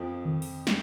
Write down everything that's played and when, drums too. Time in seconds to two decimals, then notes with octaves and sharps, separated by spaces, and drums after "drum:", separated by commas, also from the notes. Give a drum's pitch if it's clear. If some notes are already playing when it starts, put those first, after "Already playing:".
Already playing: F2 F3
0.25 D#3
0.42 drum: open hi-hat
0.67 drum: snare